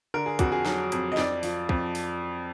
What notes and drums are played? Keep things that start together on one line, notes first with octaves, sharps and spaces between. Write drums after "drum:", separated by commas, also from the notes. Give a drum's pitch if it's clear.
D3 A#4
G#4
F2 F#4, drum: kick, hi-hat
G#4
F#3, drum: snare
F2, drum: hi-hat
D#5
F2 D5, drum: snare
F3, drum: open hi-hat
F2, drum: kick
drum: open hi-hat